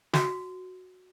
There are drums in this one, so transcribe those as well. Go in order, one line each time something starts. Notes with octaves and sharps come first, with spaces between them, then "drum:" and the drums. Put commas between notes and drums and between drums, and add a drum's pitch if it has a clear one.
F#4, drum: snare